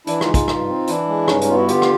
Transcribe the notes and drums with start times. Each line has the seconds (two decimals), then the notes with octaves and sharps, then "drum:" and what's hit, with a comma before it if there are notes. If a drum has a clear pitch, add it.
0.07 E3 D4 E4, drum: hi-hat
0.21 D#4 F4, drum: rim click
0.28 G#3
0.34 D#4 F4, drum: kick, hi-hat
0.48 G2, drum: rim click
0.68 C4
0.87 E3 D4 E4, drum: hi-hat
1.08 G#3
1.28 G2 C#4 D#4, drum: rim click
1.41 C#4 D#4, drum: hi-hat
1.48 B3 F4
1.55 E4 F#4
1.68 D3 F4 G4, drum: hi-hat
1.82 drum: rim click